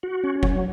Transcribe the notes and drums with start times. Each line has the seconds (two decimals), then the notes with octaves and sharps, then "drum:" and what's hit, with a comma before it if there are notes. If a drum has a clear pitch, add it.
0.03 F#4
0.24 C#4
0.43 F#3, drum: kick F1